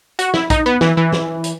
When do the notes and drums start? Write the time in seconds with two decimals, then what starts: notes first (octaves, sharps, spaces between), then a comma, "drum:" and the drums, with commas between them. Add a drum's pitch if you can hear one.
0.19 F#4, drum: hi-hat
0.34 E4, drum: snare
0.50 D#4, drum: kick, hi-hat
0.66 B3
0.81 E3, drum: snare
0.97 E3
1.12 drum: snare
1.44 drum: hi-hat